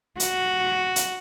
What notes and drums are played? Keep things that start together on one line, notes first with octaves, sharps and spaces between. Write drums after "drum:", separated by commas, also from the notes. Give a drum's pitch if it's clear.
F#4, drum: hi-hat
drum: hi-hat